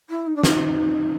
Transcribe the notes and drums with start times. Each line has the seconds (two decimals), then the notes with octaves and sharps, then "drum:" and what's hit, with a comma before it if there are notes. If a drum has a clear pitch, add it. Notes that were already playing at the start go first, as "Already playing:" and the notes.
0.09 E4
0.26 D#4
0.35 D4
0.43 D#4, drum: snare